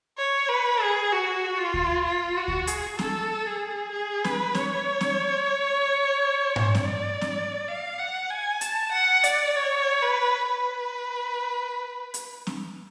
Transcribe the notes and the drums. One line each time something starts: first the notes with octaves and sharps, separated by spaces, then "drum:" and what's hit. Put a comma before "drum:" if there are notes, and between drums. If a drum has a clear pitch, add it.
C#5
B4
G#4
F#4
F4
drum: kick D2
F4
F#4
drum: kick D2
G#4, drum: hi-hat
A4, drum: snare C4
G#4
G#4
B4, drum: snare C4
C#5, drum: snare C4
drum: snare C4
drum: tom G#2
D5, drum: snare C4
drum: snare C4
F5
F#5
G#5
A5, drum: hi-hat
F#5
D5, drum: hi-hat
C#5
B4
B4
drum: hi-hat
drum: snare C4